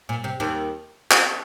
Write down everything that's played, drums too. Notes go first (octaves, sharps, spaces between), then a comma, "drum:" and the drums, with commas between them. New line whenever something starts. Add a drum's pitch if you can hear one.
A#2
C3
D#2 D#3
drum: clap